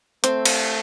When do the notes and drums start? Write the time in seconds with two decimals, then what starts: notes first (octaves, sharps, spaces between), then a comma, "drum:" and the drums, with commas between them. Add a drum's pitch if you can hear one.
0.24 A3 C4, drum: hi-hat
0.45 drum: cymbal